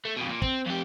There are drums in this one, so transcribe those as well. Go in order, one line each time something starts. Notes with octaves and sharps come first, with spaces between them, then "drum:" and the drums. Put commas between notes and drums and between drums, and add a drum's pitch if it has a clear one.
A3
F2 B2
A#2
C4, drum: kick
F2 G4